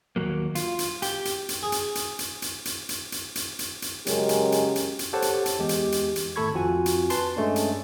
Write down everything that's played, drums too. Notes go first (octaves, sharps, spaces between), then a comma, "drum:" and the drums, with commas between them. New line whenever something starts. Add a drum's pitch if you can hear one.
D#2 F#3 A#3
F4, drum: hi-hat
drum: hi-hat
G4, drum: hi-hat
drum: hi-hat
drum: hi-hat
G#4
drum: hi-hat
drum: hi-hat
drum: hi-hat
drum: hi-hat
drum: hi-hat
drum: hi-hat
drum: hi-hat
drum: hi-hat
drum: hi-hat
drum: hi-hat
C#3 F#3 G#3 C#4 G4 A#4, drum: hi-hat
drum: hi-hat
drum: hi-hat
drum: hi-hat
drum: hi-hat
G4 A4 C5 C#5 F#5 A5
drum: hi-hat
drum: hi-hat
E2 G#3 G4
drum: hi-hat
drum: hi-hat
drum: hi-hat
G#1 A3 A4 B5 C#6 G#6
F2 C4 F4 F#4 G#5
drum: hi-hat
B4 A5 C6, drum: hi-hat
G2 G#3 A3 C#4 D4
drum: hi-hat